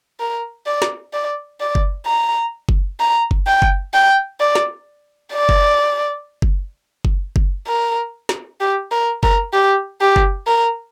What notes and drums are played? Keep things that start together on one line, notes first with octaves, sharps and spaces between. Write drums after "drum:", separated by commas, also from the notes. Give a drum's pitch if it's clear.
A#4
D5
drum: snare
D5
D5
drum: kick F#1
A#5
drum: kick F#1
A#5
drum: kick F#1
G5
drum: kick F#1
G5
D5
drum: snare
D5
drum: kick F#1
drum: kick F#1
drum: kick F#1
drum: kick F#1
A#4
drum: snare
G4
A#4
A#4, drum: kick F#1
G4
G4
drum: kick F#1
A#4